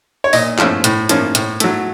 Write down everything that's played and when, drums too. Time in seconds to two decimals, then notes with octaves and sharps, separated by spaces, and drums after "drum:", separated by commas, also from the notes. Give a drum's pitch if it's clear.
0.24 C#5
0.33 A#2 D#5, drum: open hi-hat
0.58 F3 A3 C#4, drum: clap
0.84 A2, drum: hi-hat
1.09 F3 A#3 C#4, drum: hi-hat
1.35 A2, drum: hi-hat
1.60 F#3 A3, drum: hi-hat